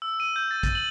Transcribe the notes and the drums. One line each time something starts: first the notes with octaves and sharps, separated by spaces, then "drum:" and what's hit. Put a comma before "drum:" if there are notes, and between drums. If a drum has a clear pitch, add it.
E6
D#7
G6
A6
A6, drum: kick, hi-hat
F#7